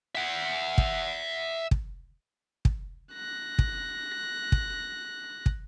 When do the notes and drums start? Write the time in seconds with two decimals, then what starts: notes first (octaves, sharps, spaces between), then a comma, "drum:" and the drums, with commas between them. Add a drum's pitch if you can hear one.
0.15 E5 F#5
0.78 drum: kick
1.71 drum: kick
2.65 drum: kick
3.13 F#6 A#6
3.59 drum: kick
4.52 drum: kick
5.46 drum: kick